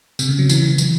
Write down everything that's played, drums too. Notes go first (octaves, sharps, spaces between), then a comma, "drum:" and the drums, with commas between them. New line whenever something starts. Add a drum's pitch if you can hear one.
C3, drum: tambourine
C#3
F#3
E3, drum: tambourine
E3
E3, drum: tambourine